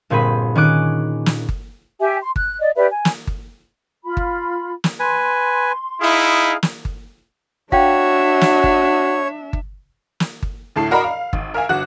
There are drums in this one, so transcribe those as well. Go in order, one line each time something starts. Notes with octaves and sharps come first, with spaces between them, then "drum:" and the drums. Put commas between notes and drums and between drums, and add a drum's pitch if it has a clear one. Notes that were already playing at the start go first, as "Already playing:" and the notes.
G1 A#2 C4 G#4 B5 D#7
D#3 C#4 G#5 D6 F#6
drum: snare
drum: kick G1
G4 E5 G#5
C6
F#6, drum: kick G1
D5 D#5
G4 B4 D5 E5
G#5
drum: snare
drum: kick G1
F4 B5
drum: kick G1
drum: snare
B4 G#5 C6
D#4 E4 G#4 F5
drum: snare
drum: kick G1
D4 F#4 C#5 E5 F5 G5, drum: kick G1
drum: snare
drum: kick G1
drum: kick G1
drum: snare
drum: kick G1
D2 A2 A5 C7
F#4 A#4 D5 D#5 A#5 B5
F5
G#1, drum: kick G1
A#4 E5 F5 G#5
G1 F#4 F#6